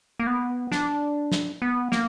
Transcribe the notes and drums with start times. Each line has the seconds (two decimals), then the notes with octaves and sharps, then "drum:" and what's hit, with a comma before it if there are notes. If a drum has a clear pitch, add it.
0.19 A#3
0.27 B3
0.72 D4, drum: snare
1.32 drum: snare
1.62 B3
1.92 A#3, drum: snare